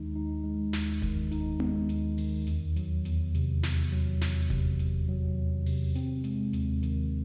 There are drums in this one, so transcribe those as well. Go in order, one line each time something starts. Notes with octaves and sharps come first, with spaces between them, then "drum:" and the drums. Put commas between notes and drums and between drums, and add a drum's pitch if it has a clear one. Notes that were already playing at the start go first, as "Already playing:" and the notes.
Already playing: D#2 D#3 G#3 D#4
D#4
G#3
D#2, drum: snare
D#3, drum: kick F1, hi-hat
D#4, drum: hi-hat
G#3, drum: tom B3
D#2, drum: hi-hat
D#3, drum: open hi-hat
E2, drum: hi-hat
F#3, drum: hi-hat
E2, drum: hi-hat
C3, drum: hi-hat
E2, drum: snare
F#3, drum: hi-hat
E2, drum: snare
C3, drum: kick F1, hi-hat
E2, drum: hi-hat
F#3
E2
C3, drum: open hi-hat
C4, drum: hi-hat
G#3, drum: hi-hat
D#2, drum: hi-hat
D#3, drum: hi-hat